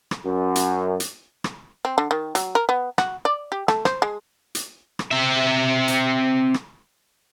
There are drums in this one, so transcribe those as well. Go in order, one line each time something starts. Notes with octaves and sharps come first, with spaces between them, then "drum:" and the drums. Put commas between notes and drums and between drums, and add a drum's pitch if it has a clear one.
drum: rim click
F#2
drum: hi-hat
drum: hi-hat
drum: rim click
C4
D3
D#3
F#3, drum: hi-hat
A#4
B3
F#4, drum: rim click
D5
G4
A3, drum: rim click
C5, drum: rim click
G#3
drum: hi-hat
drum: rim click
C4 E5
drum: hi-hat
drum: rim click